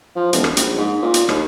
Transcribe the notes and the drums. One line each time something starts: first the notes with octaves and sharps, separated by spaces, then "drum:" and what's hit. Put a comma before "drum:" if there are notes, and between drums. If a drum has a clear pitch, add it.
F3
E1, drum: hi-hat
drum: rim click
A#1, drum: hi-hat
G#2
A#2
drum: hi-hat
D#2, drum: rim click